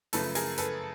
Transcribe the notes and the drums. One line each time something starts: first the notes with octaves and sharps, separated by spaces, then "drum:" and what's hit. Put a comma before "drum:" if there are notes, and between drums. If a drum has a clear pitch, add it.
F#2 C#3 F3 A3 A4 B4, drum: open hi-hat
G#4 A#4, drum: open hi-hat
A4 B4, drum: hi-hat